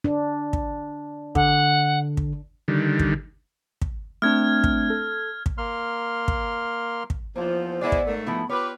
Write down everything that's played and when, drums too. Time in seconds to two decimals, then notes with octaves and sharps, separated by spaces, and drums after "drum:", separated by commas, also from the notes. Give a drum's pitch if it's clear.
0.04 D4
0.53 drum: kick
1.35 D3 F#5, drum: kick
2.17 drum: kick
2.68 D3 D#3 G3
2.99 drum: kick
3.82 drum: kick
4.22 A3 C4 D4 F6 G#6
4.64 drum: kick
4.90 A4
5.46 drum: kick
5.58 A#3 C6 F6
6.28 drum: kick
7.10 drum: kick
7.36 E2 F3 A#3 C5
7.81 G#3 B3 E4 D5
7.92 drum: kick
8.06 G#2 A3 A#4
8.27 F3 B3 E4 B5
8.49 F4 G4 B4 C#5 D6